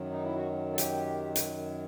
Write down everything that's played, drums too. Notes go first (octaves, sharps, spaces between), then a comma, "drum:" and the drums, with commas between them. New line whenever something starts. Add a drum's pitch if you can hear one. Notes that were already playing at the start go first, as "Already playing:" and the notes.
Already playing: F#2 D#3 F#3
D#4
E4
F#4
A4
G4, drum: hi-hat
drum: hi-hat